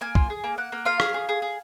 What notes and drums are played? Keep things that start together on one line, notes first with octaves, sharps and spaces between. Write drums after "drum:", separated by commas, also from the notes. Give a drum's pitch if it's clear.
A#3 G#5
F4, drum: kick
G#4
A#3
A#3 F#5
A#3
F4 F5
G#4, drum: rim click
G#4
G#4
G#4